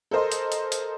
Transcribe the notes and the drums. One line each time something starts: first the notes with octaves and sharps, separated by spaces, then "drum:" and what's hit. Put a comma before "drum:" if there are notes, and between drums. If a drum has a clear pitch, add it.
A4 A#4 C5 D#5
drum: hi-hat
drum: hi-hat
drum: hi-hat